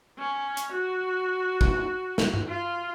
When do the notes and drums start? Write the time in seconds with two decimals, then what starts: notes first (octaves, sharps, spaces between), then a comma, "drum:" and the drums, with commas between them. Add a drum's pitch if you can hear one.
0.19 C#4
0.57 drum: hi-hat
0.72 F#4
1.61 drum: kick
2.18 drum: snare
2.34 drum: tom G2
2.48 F4